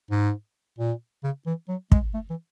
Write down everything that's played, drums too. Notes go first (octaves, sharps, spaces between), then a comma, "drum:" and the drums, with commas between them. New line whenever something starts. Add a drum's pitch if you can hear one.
G#2
A#2
C#3
E3
F#3
G#3, drum: kick
A3
E3